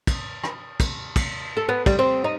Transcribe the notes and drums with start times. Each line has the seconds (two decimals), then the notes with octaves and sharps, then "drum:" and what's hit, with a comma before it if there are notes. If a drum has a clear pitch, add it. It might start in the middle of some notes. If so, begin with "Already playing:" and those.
0.07 drum: kick, cymbal
0.44 drum: rim click
0.80 drum: kick, cymbal
1.16 drum: kick, cymbal
1.57 A4
1.69 B3
1.86 G3, drum: kick, cymbal
1.99 C4
2.24 D#4